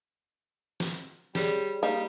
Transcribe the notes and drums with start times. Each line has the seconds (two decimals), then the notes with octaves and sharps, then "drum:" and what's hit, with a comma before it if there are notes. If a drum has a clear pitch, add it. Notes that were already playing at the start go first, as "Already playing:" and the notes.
0.80 drum: snare
1.35 G3 G#4 C#5 D5, drum: snare
1.83 G3 A#3 D#4